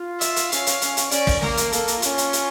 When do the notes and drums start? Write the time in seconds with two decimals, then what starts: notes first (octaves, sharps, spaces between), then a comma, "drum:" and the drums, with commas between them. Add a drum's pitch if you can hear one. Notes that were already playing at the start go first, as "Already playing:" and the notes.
Already playing: F4
0.21 E5, drum: hi-hat
0.36 drum: hi-hat
0.52 C#4 F5, drum: hi-hat
0.67 drum: hi-hat
0.81 C#4, drum: hi-hat
0.97 drum: hi-hat
1.11 C#4 D5, drum: hi-hat
1.27 drum: kick, open hi-hat
1.42 A#3 A#4, drum: snare
1.57 drum: hi-hat
1.72 A#3 A4, drum: hi-hat
1.88 drum: hi-hat
2.02 C#4 F4, drum: hi-hat
2.18 drum: hi-hat
2.33 drum: hi-hat